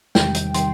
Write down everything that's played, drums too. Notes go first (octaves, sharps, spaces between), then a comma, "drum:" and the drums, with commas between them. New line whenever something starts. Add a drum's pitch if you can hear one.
E2 C3 D#3 G3 G5, drum: snare
drum: hi-hat
C3 D#3 G3 C6, drum: hi-hat